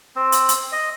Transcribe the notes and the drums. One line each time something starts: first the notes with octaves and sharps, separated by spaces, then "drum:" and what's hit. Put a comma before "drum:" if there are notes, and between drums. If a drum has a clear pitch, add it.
C4
drum: hi-hat
drum: hi-hat
D#5